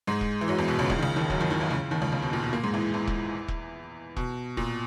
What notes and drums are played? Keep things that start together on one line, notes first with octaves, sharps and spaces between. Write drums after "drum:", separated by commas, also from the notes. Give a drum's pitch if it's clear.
G#2 G#3
drum: kick E1
E3
F#2 F#3
E2 E3
B2
C#2 C#3
C#2 C#3, drum: kick E1
D#3
C#2 C#3
D#2 D#3
F#2 F#3, drum: kick E1
D#2 D#3
D#2 D#3
E2 E3
C#2 C#3
D#2 D#3
C#2 C#3
C#2 C#3
B2
A#2
B2
A#2 A#3
G#2 G#3
E2 E3
E2 E3
drum: kick E1
drum: kick E1
B2, drum: kick E1
A#2, drum: kick E1